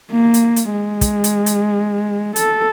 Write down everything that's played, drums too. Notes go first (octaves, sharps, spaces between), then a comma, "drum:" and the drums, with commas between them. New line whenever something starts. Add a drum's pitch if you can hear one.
A#3
drum: hi-hat
drum: hi-hat
G#3
drum: kick, hi-hat
drum: hi-hat
drum: hi-hat
A4, drum: hi-hat